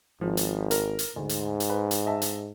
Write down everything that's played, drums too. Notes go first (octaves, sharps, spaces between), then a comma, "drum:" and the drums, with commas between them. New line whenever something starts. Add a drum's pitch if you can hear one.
G#1 F3
drum: hi-hat
A#4, drum: hi-hat
drum: hi-hat
D2 G#2
drum: hi-hat
drum: hi-hat
B4
drum: hi-hat
D#5 E5 A5
drum: hi-hat